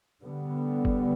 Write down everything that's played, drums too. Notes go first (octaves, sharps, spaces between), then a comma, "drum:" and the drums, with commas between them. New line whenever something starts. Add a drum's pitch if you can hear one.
D3 G3 B3
drum: kick F#1